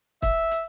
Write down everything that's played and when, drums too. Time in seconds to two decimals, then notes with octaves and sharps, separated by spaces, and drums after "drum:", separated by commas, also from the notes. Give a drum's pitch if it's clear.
0.22 E5, drum: kick, hi-hat
0.51 drum: hi-hat